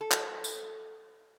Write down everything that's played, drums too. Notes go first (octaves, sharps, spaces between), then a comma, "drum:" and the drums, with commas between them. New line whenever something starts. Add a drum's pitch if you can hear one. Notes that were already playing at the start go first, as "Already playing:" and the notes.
A4
drum: clap
drum: tambourine